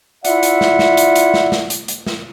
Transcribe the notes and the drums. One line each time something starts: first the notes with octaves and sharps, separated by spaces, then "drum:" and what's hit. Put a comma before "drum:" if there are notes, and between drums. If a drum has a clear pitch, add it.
E4 F4 D5 E5 F#5, drum: hi-hat
drum: hi-hat
drum: snare
drum: snare
drum: hi-hat
drum: hi-hat
drum: snare
drum: snare
drum: hi-hat
drum: hi-hat
drum: snare